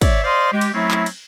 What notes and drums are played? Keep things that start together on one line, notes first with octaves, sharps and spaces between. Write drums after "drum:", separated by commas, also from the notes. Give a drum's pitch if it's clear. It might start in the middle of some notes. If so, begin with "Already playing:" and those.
C#5 D5 E5, drum: kick, cymbal
C5 D5 D#5 F5 C6
G#3 G4
drum: cymbal
F#3 A3 C4 C#4 E4
drum: clap
drum: cymbal